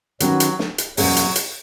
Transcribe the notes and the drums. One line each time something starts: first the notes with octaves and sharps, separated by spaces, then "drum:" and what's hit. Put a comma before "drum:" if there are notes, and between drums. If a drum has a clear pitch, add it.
D#3 F#3 A#3 C#4 F#4 B4, drum: hi-hat
drum: hi-hat
drum: snare
drum: hi-hat
E2 B2 F#3 A#3 C#4 G#4, drum: open hi-hat
drum: hi-hat
drum: hi-hat